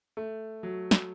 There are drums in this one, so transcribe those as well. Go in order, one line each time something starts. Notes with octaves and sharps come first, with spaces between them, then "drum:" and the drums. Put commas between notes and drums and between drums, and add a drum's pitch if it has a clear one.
A3
F#3
drum: snare